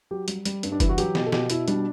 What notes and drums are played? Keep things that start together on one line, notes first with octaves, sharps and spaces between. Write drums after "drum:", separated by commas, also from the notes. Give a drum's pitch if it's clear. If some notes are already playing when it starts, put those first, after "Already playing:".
F#3 G4
G3, drum: hi-hat
G3, drum: hi-hat
G2, drum: hi-hat
D4
E3 E4, drum: kick F#1, hi-hat
F#4
F#3 G4, drum: hi-hat
B2, drum: snare
A4
B2 G4, drum: snare
B2 E4, drum: hi-hat
G3 D4, drum: hi-hat